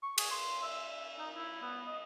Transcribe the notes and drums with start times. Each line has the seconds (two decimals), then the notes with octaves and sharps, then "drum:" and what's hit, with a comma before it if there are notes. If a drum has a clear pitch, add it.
0.03 C#6
0.18 G#4, drum: cymbal
0.31 C6
0.62 E5
1.19 D#4
1.35 E4
1.62 B3
1.87 D#5